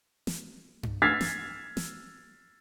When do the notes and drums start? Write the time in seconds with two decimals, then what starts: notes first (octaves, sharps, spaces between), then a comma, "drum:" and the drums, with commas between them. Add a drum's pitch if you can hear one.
0.27 drum: snare
0.83 drum: tom G2
1.02 E6 F6 G#6 A6 B6 C7
1.21 drum: snare
1.77 drum: snare